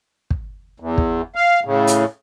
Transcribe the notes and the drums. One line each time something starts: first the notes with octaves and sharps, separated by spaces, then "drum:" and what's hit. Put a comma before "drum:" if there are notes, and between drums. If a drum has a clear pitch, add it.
drum: kick
E2
drum: kick
F5
A2 C#3
drum: hi-hat